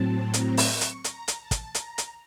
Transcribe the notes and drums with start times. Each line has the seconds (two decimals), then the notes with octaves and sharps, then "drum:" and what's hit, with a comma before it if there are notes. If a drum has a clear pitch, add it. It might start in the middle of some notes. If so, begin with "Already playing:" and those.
Already playing: A2 F#3 C4 A5
0.34 A#5, drum: hi-hat
0.57 drum: open hi-hat
0.69 C#6
0.81 drum: hi-hat
1.04 A#5, drum: hi-hat
1.28 drum: hi-hat
1.40 A5
1.51 drum: kick, hi-hat
1.75 A#5, drum: hi-hat
1.98 drum: hi-hat